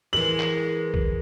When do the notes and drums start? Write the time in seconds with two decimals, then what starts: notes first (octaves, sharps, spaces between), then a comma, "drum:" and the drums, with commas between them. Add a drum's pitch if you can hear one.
0.13 E3 G#3 A#4 F#7
0.40 drum: clap
0.94 drum: kick